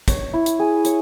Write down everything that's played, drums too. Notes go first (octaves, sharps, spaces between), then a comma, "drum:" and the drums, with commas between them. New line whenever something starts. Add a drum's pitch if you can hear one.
C#5, drum: kick, hi-hat
E4
drum: hi-hat
G#4
C#5, drum: hi-hat